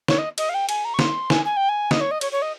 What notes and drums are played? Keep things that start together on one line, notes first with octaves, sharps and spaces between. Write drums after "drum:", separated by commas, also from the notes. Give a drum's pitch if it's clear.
C#5, drum: snare
D#5
D#5, drum: cymbal
F5
G5
G#5, drum: cymbal
A#5
C#6
C6, drum: snare
G#5, drum: snare
G#5
G5
G#5
D#5, drum: snare
C#5
D#5
C#5, drum: cymbal
C#5
D#5